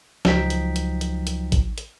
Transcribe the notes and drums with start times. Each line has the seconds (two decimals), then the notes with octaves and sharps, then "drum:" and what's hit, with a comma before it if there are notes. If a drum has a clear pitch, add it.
0.25 C#2 F3 F#3 D#4 G5 B6, drum: snare
0.50 drum: hi-hat
0.76 drum: hi-hat
1.01 drum: hi-hat
1.27 drum: hi-hat
1.52 drum: kick, hi-hat
1.78 drum: hi-hat